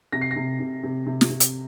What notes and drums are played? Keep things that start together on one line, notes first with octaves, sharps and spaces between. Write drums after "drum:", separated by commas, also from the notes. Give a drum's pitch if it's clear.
C3 A#6
C7
A#6
C3
C3
C3
C3
drum: snare
C3
drum: hi-hat